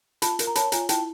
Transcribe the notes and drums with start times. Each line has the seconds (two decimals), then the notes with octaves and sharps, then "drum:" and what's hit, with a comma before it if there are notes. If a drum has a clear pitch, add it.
0.22 F4 A5 B5, drum: hi-hat
0.39 A#4, drum: hi-hat
0.47 A#5
0.55 C#5 A5 B5, drum: hi-hat
0.72 F4 G#5 A#5, drum: hi-hat
0.89 E4 G5 A5, drum: hi-hat